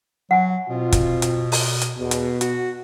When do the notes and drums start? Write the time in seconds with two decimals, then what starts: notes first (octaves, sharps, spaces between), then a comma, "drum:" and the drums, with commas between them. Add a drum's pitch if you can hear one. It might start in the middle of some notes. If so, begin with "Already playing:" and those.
0.31 F#3 F#5 G#5
0.69 B2 C4 F4
0.92 drum: kick, hi-hat
1.22 drum: hi-hat
1.52 drum: open hi-hat
1.82 drum: hi-hat
1.98 E2 B2
2.11 drum: hi-hat
2.41 F#4, drum: hi-hat